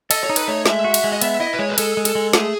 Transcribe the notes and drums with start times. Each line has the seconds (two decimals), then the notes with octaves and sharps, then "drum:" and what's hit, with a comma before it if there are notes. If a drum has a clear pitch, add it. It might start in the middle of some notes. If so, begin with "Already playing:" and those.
0.11 A4 D#5, drum: cymbal
0.23 C#5
0.29 D#4
0.36 B4, drum: cymbal
0.48 A3 C#5
0.66 G#3 E5, drum: snare
0.84 F#4
0.94 drum: cymbal
1.04 G#3
1.12 D#5
1.21 B3 E5, drum: cymbal
1.40 E4 D#5
1.54 B4
1.59 G#3 C#5
1.70 B4
1.78 G#3 A4, drum: cymbal
1.97 G#3
2.05 A4, drum: cymbal
2.15 G#3
2.33 A3 G#4, drum: snare